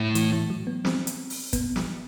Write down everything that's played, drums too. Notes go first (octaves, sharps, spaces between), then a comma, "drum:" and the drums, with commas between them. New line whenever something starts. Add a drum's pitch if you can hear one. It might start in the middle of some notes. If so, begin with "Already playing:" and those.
Already playing: A2
E3, drum: hi-hat
E3
F#3
B3
C4, drum: snare
drum: hi-hat
drum: open hi-hat
B3, drum: kick, hi-hat
drum: snare